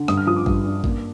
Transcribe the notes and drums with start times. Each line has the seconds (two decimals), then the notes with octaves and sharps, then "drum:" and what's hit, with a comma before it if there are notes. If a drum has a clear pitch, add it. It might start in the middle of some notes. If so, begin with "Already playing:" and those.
Already playing: D3
0.08 G2 D#6, drum: rim click
0.17 F6
0.27 F3 D#6
0.37 D6
0.46 G2, drum: kick
0.65 D4
0.84 A#3, drum: kick